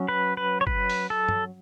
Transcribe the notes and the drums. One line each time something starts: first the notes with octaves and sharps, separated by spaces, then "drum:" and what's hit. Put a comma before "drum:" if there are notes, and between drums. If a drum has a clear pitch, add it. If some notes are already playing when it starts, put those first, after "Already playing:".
Already playing: F#3 C#4
B4
B4
C#5
B4, drum: kick
drum: open hi-hat
A4
drum: tom